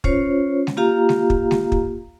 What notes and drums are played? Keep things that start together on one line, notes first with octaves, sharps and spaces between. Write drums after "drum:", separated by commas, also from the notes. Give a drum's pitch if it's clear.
C#4 F4 C5 C#5, drum: kick
drum: snare G#3
A#3 F4 G4 F5 A#5
drum: snare G#3
drum: kick
drum: snare G#3
drum: kick